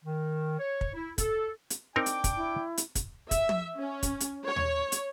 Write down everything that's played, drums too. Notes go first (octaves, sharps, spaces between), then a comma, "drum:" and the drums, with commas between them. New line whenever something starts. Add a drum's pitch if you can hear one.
D#3
C#5
drum: kick
E4
A4, drum: kick, hi-hat
drum: hi-hat
C4 D4 D#4 A#4 G5 D6
drum: hi-hat
drum: kick, hi-hat
E4
drum: hi-hat
drum: kick, hi-hat
E5, drum: kick, hi-hat
drum: tom
C#4
drum: kick, hi-hat
drum: hi-hat
C#5
drum: tom D#2
drum: hi-hat